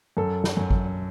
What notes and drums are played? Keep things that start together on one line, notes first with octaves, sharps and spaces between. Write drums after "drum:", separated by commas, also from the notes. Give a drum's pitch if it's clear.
F#2 A4
drum: snare
F#2
drum: kick G#1